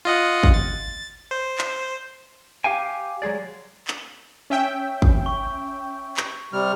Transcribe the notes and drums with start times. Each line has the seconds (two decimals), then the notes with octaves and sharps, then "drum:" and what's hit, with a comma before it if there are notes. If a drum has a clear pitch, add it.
0.05 F4 D#5 F#5
0.43 drum: kick
0.54 A6
1.31 C5
1.58 drum: clap
2.64 G4 F5 G5 G#5
3.22 F#3 G#3 G#4 D5
3.87 drum: clap
4.50 C#4 E5 G5
5.02 drum: kick
5.26 C#6
6.17 drum: clap
6.53 C3 G3 F6